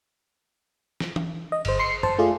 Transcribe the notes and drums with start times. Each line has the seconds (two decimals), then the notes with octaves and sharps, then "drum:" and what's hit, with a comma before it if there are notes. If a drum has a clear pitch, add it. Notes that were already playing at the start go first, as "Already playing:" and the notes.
1.00 drum: snare
1.16 drum: tom
1.52 D#5
1.65 G1 C5, drum: cymbal
1.79 C6 C7 C#7
2.03 C5 A5, drum: tom F#2
2.19 A3 F4 G#4 D5